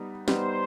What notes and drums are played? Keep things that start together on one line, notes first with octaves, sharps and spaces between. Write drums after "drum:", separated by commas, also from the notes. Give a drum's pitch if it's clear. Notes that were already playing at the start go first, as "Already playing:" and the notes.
Already playing: G3 B3 D#4
G3 B3 D#4 C5, drum: snare